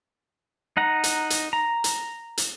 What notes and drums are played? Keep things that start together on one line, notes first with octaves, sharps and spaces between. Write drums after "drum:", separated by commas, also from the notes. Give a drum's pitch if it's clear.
D#4 F#5 A#5
drum: hi-hat
drum: hi-hat
A#5
drum: hi-hat
drum: hi-hat